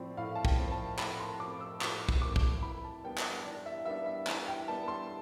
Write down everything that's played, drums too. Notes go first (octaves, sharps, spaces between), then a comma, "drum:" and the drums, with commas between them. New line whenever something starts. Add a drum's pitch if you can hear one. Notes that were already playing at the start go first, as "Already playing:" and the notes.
Already playing: A2 F3 C4 D5
A2 F5
A5
G5, drum: kick
F3 C4
A5
A2 B5, drum: clap
C6
F3 C4 D6
E6
A2 D6, drum: clap
drum: kick
F3 C4 D6
drum: kick
E3 B5
A5
G3 B3 D4 G5
drum: clap
E3 D5
E5
G3 B3 D4 E5
E5
E3, drum: clap
G5
G3 B3 D4 A5
C6